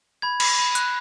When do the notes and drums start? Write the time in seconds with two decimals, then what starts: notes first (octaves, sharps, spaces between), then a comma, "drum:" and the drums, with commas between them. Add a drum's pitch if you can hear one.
0.22 B5 G#6
0.40 B5, drum: cymbal
0.59 B5
0.75 F#6, drum: hi-hat